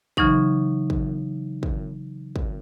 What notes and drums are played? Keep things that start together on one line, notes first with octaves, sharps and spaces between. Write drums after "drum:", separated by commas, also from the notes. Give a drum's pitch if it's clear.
C#3 E3 F#3 D#4 C#6, drum: kick
drum: kick
drum: kick
drum: kick